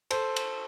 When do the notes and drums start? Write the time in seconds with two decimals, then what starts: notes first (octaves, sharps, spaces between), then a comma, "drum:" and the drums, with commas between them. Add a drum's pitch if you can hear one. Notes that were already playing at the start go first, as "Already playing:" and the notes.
0.11 A4 C5, drum: cymbal
0.36 drum: cymbal